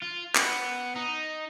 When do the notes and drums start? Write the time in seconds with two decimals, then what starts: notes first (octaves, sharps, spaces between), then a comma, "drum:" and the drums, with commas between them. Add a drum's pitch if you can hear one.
0.02 F4
0.35 B3, drum: clap
0.96 D#4